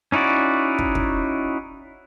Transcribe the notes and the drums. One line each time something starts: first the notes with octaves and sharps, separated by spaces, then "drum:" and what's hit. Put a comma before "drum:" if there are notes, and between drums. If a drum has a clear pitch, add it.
C#4 D#4 E4 F#4 D5
drum: kick
drum: kick